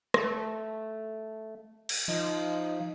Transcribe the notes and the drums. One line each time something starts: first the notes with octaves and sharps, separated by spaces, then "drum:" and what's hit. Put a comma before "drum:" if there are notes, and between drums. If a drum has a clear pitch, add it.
A3, drum: rim click
drum: cymbal
F3 D#4